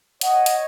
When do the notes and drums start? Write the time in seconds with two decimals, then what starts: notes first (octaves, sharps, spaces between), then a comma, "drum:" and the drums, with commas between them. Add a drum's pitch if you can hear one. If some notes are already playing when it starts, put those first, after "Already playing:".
0.21 C#5 D#5 F#5, drum: hi-hat
0.46 drum: hi-hat